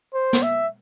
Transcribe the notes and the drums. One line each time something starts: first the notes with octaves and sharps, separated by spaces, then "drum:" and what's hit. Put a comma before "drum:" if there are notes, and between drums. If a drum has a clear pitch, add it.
C5
drum: snare
E5